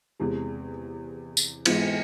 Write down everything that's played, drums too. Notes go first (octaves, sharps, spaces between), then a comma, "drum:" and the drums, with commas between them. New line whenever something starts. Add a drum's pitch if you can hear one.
E2 C3 G#3
drum: tambourine
G#2 E3 G#3 B3 F4, drum: cymbal